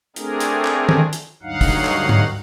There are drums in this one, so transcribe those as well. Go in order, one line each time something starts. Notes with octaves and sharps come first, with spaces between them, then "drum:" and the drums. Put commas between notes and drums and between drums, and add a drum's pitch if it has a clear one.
A3 C4 D4 G#4 A#4, drum: hi-hat
drum: hi-hat
drum: clap
drum: tom D#3
drum: hi-hat
D2 G2 F#3 D#4 F5 F#5
drum: kick, open hi-hat
drum: clap
drum: tom G#2